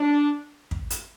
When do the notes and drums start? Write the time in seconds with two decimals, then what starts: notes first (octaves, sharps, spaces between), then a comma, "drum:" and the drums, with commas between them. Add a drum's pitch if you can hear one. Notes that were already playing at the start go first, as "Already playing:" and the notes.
Already playing: D4
0.71 drum: kick
0.90 drum: hi-hat